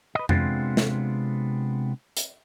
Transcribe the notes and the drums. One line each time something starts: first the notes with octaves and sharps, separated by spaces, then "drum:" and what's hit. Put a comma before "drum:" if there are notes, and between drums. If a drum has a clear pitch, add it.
B4 D#5
C3 G#3 B3 C4 D4 F4, drum: tom F2
drum: snare
drum: hi-hat